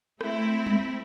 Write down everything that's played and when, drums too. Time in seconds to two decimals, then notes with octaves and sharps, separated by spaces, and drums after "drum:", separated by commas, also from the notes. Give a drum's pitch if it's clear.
0.21 A3 C4 E4, drum: rim click
0.67 drum: tom G3